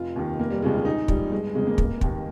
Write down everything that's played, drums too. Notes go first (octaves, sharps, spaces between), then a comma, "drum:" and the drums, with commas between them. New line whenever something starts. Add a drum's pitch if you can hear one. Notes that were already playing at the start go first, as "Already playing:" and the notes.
Already playing: F1 F4
D#2 D#3
F1 A#3
G3
D#2 C#3 F3 G#3
F4
A#1 D#4
G#2 F3 G3, drum: kick
G1 G#3
F2 C#3 G#3
A#3
F1, drum: kick
D#2 D#3, drum: kick